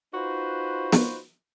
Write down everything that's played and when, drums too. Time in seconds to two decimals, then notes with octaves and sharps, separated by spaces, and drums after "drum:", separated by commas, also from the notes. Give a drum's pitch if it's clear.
0.14 D#4 F4 F#4 B4 C5
0.92 drum: snare